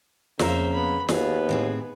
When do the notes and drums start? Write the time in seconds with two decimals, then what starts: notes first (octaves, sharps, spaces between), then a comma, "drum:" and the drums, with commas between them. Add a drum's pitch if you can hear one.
0.39 F2 C#3 A#3 C5 E5 A#5, drum: snare
0.73 B3 B5
1.09 D#2 B3 F4 F#4 G#4 B4, drum: snare
1.49 A2 C4 G#4